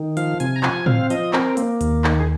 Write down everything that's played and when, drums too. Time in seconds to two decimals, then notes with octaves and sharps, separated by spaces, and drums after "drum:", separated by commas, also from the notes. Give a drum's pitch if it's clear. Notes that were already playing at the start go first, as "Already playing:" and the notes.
Already playing: D#3
0.17 F3 F5, drum: hi-hat
0.40 C3 G#5, drum: hi-hat
0.56 A#5
0.63 F3 G#5, drum: clap
0.86 C4 F5, drum: tom A2
1.10 F3 D#5, drum: hi-hat
1.33 C4 A#4, drum: clap
1.57 A#3, drum: hi-hat
1.81 D#2, drum: hi-hat
2.04 D#3, drum: clap
2.20 G#4